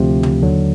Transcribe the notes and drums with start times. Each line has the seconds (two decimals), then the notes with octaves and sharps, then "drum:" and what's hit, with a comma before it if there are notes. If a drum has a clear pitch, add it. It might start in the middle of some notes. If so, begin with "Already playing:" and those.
Already playing: D2 C3 F3
0.23 drum: tom
0.42 D#2 D3 F#3